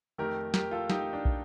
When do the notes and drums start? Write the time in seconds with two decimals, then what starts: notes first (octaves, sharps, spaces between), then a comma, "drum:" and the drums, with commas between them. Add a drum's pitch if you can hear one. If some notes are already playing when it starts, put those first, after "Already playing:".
0.18 F2 D#3 A3 G4 A#4
0.54 G4 A#4, drum: snare
0.71 F4 A4
0.90 D#4 G4, drum: snare
1.13 D4
1.25 drum: kick